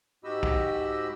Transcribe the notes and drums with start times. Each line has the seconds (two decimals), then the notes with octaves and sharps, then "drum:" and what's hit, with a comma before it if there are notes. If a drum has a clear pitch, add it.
0.24 G#2 F#4 G4 D#5 B5 E6
0.43 drum: kick